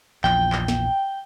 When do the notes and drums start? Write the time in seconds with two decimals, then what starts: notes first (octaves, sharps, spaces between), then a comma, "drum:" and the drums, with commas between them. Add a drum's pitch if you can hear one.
0.24 A#1 E2 F3 G5, drum: clap
0.52 drum: clap
0.68 drum: snare